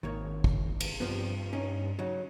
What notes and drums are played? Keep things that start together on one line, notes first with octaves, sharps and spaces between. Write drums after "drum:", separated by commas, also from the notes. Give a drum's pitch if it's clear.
G#1 D#3 A#3 C#5
drum: kick
drum: cymbal
G2 C3 F3 B3
C#4 D#4
C#3 F#3 D#4